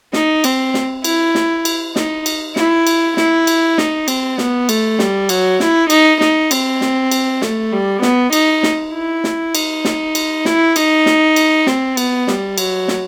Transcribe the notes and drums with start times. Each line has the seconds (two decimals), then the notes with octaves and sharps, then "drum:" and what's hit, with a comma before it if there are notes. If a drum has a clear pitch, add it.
0.13 D#4, drum: snare
0.44 C4, drum: cymbal
0.74 drum: snare
1.04 E4, drum: cymbal
1.35 drum: snare
1.65 drum: cymbal
1.96 D#4, drum: snare
2.26 drum: cymbal
2.56 E4, drum: snare
2.87 drum: cymbal
3.17 E4, drum: snare
3.47 drum: cymbal
3.78 D#4, drum: snare
4.08 C4, drum: cymbal
4.38 B3, drum: snare
4.69 A3, drum: cymbal
4.99 G3, drum: snare
5.29 F#3, drum: cymbal
5.60 E4, drum: snare
5.90 D#4, drum: cymbal
6.21 D#4, drum: snare
6.51 C4, drum: cymbal
6.81 drum: snare
7.11 drum: cymbal
7.42 A3, drum: snare
7.72 G3
8.02 B3, drum: snare
8.33 D#4, drum: cymbal
8.63 drum: snare
8.94 E4
9.24 drum: snare
9.55 D#4, drum: cymbal
9.85 drum: snare
10.15 drum: cymbal
10.45 E4, drum: snare
10.76 D#4, drum: cymbal
11.06 drum: snare
11.36 drum: cymbal
11.67 C4, drum: snare
11.97 B3, drum: cymbal
12.28 G3, drum: snare
12.58 F#3, drum: cymbal
12.88 drum: snare